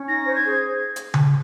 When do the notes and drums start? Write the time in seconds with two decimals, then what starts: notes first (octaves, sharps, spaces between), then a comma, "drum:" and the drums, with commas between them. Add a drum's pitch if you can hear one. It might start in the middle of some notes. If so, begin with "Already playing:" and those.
Already playing: C#4
0.08 D#4 A#6
0.27 C5
0.35 G#6
0.45 G#4
0.96 drum: hi-hat
1.14 drum: tom C#3